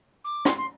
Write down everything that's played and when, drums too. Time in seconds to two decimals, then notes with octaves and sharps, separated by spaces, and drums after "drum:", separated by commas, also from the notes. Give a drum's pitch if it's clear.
0.24 D6
0.45 C6, drum: rim click
0.57 C6